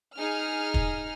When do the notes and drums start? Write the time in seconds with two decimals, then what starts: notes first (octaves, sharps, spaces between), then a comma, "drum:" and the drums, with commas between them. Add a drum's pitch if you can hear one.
0.16 D#4 G#4 F6
0.74 drum: kick